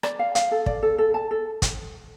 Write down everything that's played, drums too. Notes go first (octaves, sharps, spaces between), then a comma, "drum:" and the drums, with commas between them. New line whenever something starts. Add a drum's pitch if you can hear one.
D5, drum: rim click
F5
F5, drum: hi-hat
A4
D5, drum: kick
A4
A4
A5
A4
drum: kick, hi-hat